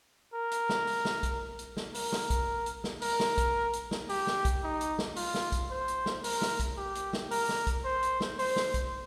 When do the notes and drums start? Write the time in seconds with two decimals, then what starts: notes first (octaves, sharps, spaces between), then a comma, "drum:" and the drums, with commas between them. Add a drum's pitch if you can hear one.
0.34 A#4
0.51 drum: hi-hat
0.69 drum: snare
0.87 drum: open hi-hat
1.05 drum: snare
1.23 drum: kick B1, hi-hat
1.59 drum: hi-hat
1.77 drum: snare
1.94 A#4, drum: open hi-hat
2.12 drum: snare
2.30 drum: kick B1, hi-hat
2.66 drum: hi-hat
2.84 drum: snare
3.02 A#4, drum: open hi-hat
3.20 drum: snare
3.38 drum: kick B1, hi-hat
3.73 drum: hi-hat
3.91 drum: snare
4.09 G4, drum: open hi-hat
4.27 drum: snare
4.45 drum: kick B1, hi-hat
4.63 D#4
4.81 drum: hi-hat
4.99 drum: snare
5.16 F4, drum: open hi-hat
5.34 drum: snare
5.52 drum: kick B1, hi-hat
5.70 C5
5.88 drum: hi-hat
6.06 drum: snare
6.24 A#4, drum: open hi-hat
6.42 drum: snare
6.60 drum: kick B1, hi-hat
6.77 G4
6.95 drum: hi-hat
7.13 drum: snare
7.31 A#4, drum: open hi-hat
7.49 drum: snare
7.67 drum: kick B1, hi-hat
7.85 C5
8.03 drum: hi-hat
8.20 drum: snare
8.39 C5, drum: open hi-hat
8.56 drum: snare
8.74 drum: kick B1, hi-hat